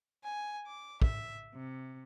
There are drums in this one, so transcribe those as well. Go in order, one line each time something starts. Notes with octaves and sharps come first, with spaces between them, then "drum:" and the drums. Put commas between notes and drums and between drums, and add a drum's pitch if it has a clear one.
G#5
D6
E5, drum: kick
C3